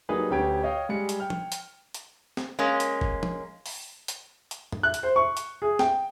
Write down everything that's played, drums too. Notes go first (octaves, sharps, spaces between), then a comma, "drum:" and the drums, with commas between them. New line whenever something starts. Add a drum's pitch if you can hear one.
F#3 G3 A#3 D#4 G#4 B4
D2 C#4 G4 B4 G#6 D7
C#5 D#5 F5 G5
G3 G#3 C#7
drum: hi-hat
G5 F6
drum: tom
drum: hi-hat
drum: hi-hat
drum: snare
G#3 A#3 C#4
drum: hi-hat
drum: kick G1
drum: tom
drum: open hi-hat
drum: hi-hat
drum: hi-hat
drum: tom F#2
F#6
drum: hi-hat
C5
C#6
drum: hi-hat
G#4
G5, drum: snare